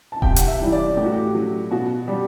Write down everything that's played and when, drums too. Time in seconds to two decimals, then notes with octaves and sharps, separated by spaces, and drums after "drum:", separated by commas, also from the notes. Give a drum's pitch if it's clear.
0.12 A5
0.22 C3 G5, drum: kick D#1
0.36 F#5, drum: hi-hat
0.47 E5
0.60 E3 G3
0.72 D5
0.97 A2 G4
1.05 F#4
1.12 G4
1.34 F#3
1.70 B2 F#4
2.08 G3 G4